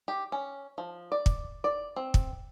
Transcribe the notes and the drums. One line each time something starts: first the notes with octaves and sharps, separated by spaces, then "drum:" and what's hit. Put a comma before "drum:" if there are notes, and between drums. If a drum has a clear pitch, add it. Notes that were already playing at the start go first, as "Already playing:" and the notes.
G4
C#4
F3
D5
drum: kick
D5
C4
drum: kick